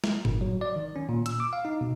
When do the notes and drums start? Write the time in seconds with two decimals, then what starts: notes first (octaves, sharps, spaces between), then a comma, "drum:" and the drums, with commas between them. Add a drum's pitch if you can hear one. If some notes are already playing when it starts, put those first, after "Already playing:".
0.04 drum: snare
0.25 G1, drum: tom A2
0.41 F#3
0.61 D5
0.76 D#3
0.96 C#4
1.09 A#2
1.26 E6, drum: hi-hat
1.40 D6
1.53 F5
1.65 D#4
1.81 B2